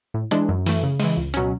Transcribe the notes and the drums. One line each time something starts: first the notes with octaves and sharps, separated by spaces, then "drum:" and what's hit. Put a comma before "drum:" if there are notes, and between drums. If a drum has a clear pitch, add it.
A2
E3 G#3 D4, drum: hi-hat
F#2
E3 A3, drum: open hi-hat
C#3
E3 G#3, drum: open hi-hat
C#2
B2 F#3 C#4, drum: hi-hat